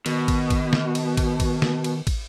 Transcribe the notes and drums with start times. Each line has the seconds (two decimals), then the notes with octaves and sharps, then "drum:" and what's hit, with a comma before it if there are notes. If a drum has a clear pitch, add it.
0.06 B2 D#3, drum: cymbal
0.28 drum: kick, cymbal
0.50 drum: kick, cymbal
0.73 drum: snare
0.95 drum: cymbal
1.17 drum: kick, cymbal
1.40 drum: kick, cymbal
1.62 drum: snare
1.84 drum: cymbal
2.07 drum: kick, cymbal